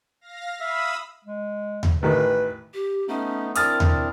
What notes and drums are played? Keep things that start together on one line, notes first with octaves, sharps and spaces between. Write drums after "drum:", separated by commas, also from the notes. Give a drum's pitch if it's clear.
F5 A#6
E5 F5 B5 D#6 E6
G#3
drum: tom D#2
A1 D#3 B4
G4
A3 B3 C#4 D#4
C4 D4 E4 A#4 D#6 F6 A6, drum: hi-hat
drum: tom D#2